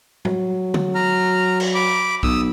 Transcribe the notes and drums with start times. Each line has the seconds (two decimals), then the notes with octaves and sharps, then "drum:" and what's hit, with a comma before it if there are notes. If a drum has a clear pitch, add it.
0.25 F#3, drum: tom
0.74 drum: tom
0.95 A#5 F6
1.60 drum: cymbal
1.74 B5 D6
2.23 B1 D#6 E6, drum: kick B1